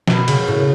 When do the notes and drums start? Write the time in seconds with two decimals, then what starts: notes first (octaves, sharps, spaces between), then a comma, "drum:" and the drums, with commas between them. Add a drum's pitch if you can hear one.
0.07 B2, drum: snare
0.28 C#3, drum: cymbal
0.48 A2